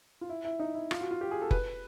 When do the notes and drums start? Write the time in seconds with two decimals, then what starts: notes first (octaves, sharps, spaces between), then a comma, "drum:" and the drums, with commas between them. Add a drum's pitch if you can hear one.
0.21 F4
0.29 E4
0.45 E4
0.60 D#4
0.74 E4
0.91 F4, drum: rim click
1.01 F#4
1.11 F4
1.21 G4
1.31 G#4
1.42 A4
1.51 B4, drum: kick F#1